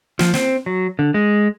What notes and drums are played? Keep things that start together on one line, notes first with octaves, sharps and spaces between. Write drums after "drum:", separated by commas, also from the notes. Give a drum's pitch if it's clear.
F3, drum: snare
C4, drum: snare
F#3
D3
G#3